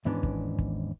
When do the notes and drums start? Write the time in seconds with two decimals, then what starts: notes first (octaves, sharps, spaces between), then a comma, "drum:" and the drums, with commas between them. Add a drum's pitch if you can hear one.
0.05 D#2 G#2 E3 B3 C#4 D4
0.23 drum: kick
0.59 drum: kick